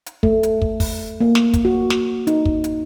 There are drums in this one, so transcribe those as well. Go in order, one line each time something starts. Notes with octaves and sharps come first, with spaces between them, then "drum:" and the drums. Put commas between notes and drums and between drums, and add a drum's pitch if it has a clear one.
drum: hi-hat
A3, drum: kick
drum: hi-hat
drum: kick
drum: kick, open hi-hat
A#3
drum: snare
drum: kick, hi-hat
F#4
drum: snare
D#4, drum: hi-hat
drum: kick
drum: hi-hat